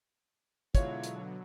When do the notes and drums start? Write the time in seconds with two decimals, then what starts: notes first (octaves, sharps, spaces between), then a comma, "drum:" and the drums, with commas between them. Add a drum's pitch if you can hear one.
0.75 B2 D3 F#3 G#3 E4 F4 C#5 F5, drum: kick, hi-hat
1.04 drum: hi-hat